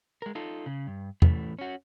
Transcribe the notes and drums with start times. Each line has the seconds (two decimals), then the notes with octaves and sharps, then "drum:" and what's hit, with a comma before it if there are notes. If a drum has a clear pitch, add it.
0.22 G#3 A#4
0.35 D#4 F4 A4
0.66 C#3
0.87 G2
1.22 E2 A2 E3 A3, drum: tom E2
1.59 C#4 F#4